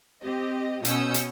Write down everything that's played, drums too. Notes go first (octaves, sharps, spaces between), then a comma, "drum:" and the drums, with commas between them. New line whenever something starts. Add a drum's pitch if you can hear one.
C4 G4 D#5
B2 C#4 D#6 E6 G6 C#7, drum: hi-hat
drum: hi-hat